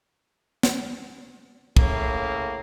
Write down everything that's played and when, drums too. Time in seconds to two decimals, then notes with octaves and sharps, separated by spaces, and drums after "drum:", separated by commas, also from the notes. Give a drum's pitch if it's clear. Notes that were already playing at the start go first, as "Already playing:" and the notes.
0.63 drum: snare
1.77 A2 C#3 A3 A#3, drum: kick